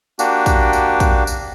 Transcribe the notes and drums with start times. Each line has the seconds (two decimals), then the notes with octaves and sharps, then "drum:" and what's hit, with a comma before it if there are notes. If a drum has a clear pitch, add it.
0.19 A#3 D4 F#4 G4, drum: tambourine
0.46 drum: kick A#1, tambourine
0.73 drum: tambourine
1.00 drum: kick A#1, tambourine
1.27 drum: tambourine